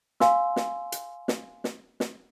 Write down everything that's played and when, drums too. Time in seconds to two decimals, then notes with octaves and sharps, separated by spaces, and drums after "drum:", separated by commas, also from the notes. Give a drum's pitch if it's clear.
0.20 F5 G#5 C6 E6, drum: snare
0.56 drum: snare
0.92 drum: hi-hat
1.28 drum: snare
1.64 drum: snare
2.00 drum: snare